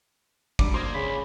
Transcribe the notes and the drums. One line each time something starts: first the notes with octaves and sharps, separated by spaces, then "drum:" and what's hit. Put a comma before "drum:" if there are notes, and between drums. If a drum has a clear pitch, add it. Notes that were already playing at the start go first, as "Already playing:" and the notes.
F#3 G3 D4 D6, drum: kick
A#3 C5 C6 D#6 G#6
C#2 C#3 B5